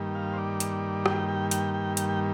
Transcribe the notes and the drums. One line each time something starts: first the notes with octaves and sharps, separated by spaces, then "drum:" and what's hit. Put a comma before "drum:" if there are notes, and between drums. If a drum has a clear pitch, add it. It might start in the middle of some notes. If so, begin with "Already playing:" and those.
Already playing: G2 D#3 G3 A#3
F5
C5
D5
drum: hi-hat
G5, drum: rim click
G5
G5, drum: hi-hat
G5
G5, drum: hi-hat
G5